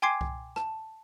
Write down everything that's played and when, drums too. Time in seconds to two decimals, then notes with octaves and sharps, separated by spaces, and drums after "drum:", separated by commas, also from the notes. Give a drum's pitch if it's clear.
0.02 G5 G#5 C6 D6 G#6 C7
0.21 drum: kick C2
0.56 A5, drum: rim click